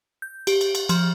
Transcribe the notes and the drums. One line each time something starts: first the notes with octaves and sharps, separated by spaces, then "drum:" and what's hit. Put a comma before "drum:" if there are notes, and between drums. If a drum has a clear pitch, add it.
G6
G4, drum: cymbal
drum: cymbal
drum: cymbal
F3, drum: cymbal